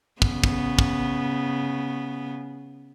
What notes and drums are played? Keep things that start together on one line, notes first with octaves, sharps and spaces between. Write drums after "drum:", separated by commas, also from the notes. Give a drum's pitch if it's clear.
C#3 B3, drum: kick
drum: kick
drum: kick